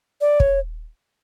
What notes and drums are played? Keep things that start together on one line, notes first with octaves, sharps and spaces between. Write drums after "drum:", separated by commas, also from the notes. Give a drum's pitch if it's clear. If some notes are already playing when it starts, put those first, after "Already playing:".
D5
C#5, drum: kick